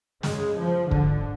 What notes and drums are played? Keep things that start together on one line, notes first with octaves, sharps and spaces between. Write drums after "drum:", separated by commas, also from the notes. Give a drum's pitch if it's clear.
F#2 C#3 G#3, drum: snare
F3
G#2 D3, drum: kick